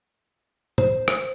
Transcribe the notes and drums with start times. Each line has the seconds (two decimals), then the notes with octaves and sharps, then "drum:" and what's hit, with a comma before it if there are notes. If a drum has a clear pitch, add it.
0.78 C5, drum: tom
1.08 drum: rim click